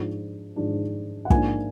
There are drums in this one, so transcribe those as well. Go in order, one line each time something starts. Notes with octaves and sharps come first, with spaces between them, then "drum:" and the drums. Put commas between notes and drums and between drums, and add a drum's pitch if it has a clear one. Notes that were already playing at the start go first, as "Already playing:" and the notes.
Already playing: G#2 F3 G#3 D4
G#2 F3 G#3 D4
F#5
G#2 F3 A#3 D4 G#5, drum: kick